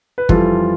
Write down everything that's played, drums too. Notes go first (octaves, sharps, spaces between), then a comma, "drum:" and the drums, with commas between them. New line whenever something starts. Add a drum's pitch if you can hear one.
B4
F2 E3 G3 F4 A4, drum: kick